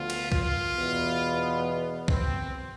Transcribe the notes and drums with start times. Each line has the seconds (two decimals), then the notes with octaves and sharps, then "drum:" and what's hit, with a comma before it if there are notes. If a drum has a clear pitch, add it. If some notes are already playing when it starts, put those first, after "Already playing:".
Already playing: D2 D3 F3 B3 F4
0.10 drum: cymbal
0.32 F4, drum: kick
0.76 E2 B2 B3
2.08 C4, drum: kick